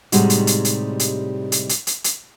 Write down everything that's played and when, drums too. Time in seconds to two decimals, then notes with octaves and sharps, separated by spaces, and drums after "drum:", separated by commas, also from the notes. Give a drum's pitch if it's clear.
0.12 A2 C3 G3 G#3 D#4 F#4, drum: hi-hat
0.30 drum: hi-hat
0.47 drum: hi-hat
0.65 drum: hi-hat
0.99 drum: hi-hat
1.52 drum: hi-hat
1.69 drum: hi-hat
1.87 drum: hi-hat
2.04 drum: hi-hat